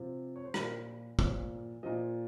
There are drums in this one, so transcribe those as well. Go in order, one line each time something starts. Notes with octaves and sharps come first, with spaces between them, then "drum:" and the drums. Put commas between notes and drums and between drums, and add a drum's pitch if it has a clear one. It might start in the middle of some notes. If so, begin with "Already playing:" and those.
Already playing: C3 F3
C#5
C5
A#2 F3 A#4, drum: rim click
A#2 F3 C#5, drum: kick
A#2 F3 D#5